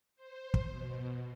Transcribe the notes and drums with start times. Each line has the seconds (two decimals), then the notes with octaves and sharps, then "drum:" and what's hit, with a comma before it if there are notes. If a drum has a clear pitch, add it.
0.16 C5
0.54 drum: kick
0.68 B2